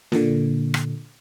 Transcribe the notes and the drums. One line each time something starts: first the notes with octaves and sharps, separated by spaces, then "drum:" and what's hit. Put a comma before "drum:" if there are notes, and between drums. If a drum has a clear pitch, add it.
A#2 D3, drum: snare
drum: rim click